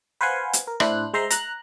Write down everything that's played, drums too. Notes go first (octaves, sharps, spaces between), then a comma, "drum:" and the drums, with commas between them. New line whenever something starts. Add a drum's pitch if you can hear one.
B4 C5 F5 F#5 G#5 C6
drum: hi-hat
A#4
A2 D4 E4 C5 F#6, drum: rim click
G#3 C5 E5 A#5 C6
A#5 F#6, drum: hi-hat